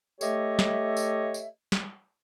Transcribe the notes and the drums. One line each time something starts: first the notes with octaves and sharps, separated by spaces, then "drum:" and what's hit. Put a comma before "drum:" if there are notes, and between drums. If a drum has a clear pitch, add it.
A3 G4 A4 C#5 D#5 E5, drum: tambourine
drum: snare
drum: tambourine
drum: tambourine
drum: snare